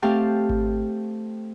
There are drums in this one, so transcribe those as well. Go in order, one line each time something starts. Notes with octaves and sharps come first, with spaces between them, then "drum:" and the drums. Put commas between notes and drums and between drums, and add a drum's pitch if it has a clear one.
A3 C4 G4 F5 A5
drum: kick G#1